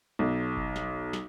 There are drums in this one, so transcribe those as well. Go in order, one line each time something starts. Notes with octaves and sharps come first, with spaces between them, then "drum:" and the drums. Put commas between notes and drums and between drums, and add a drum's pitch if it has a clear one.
B1
drum: kick F#1
drum: snare
drum: snare